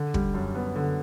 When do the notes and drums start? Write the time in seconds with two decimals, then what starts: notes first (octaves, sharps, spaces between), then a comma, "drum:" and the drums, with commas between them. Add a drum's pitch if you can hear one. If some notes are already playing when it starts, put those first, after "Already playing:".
Already playing: D3
0.14 G3, drum: kick
0.34 F#2
0.55 B3
0.75 D3